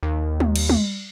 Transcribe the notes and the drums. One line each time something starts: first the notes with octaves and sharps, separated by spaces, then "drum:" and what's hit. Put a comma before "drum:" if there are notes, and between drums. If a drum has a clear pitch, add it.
D#2
drum: tom
drum: cymbal
drum: tom